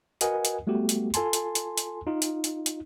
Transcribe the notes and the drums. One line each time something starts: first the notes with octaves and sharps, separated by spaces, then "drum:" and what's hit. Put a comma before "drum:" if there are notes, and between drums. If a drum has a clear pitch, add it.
F#4 A#4 B4 D#5 F#5 G#5, drum: hi-hat
drum: hi-hat
G3 A3 B3 F#4 G4
drum: hi-hat
F4 A4 G#5 A5 C6, drum: hi-hat
drum: hi-hat
drum: hi-hat
drum: hi-hat
D#4 F4
drum: hi-hat
drum: hi-hat
drum: hi-hat